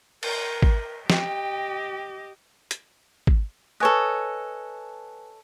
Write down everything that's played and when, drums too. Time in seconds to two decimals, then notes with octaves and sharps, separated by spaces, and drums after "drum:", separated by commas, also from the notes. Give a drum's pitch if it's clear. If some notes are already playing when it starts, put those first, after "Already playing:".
0.23 A#4, drum: cymbal
0.62 drum: kick
1.10 G4 D#5 G5, drum: snare
2.71 drum: hi-hat
3.27 drum: kick
3.80 A4 B4 C#5 D#5 G#5 F#6